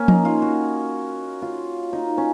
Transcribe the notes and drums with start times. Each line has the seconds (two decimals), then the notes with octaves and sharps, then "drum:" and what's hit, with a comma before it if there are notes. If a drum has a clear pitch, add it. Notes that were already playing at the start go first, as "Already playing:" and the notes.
Already playing: A#3 C#4
0.08 D#4, drum: tom F3
0.25 F4
0.42 F#4
1.42 F4
1.93 D#4
2.18 C#4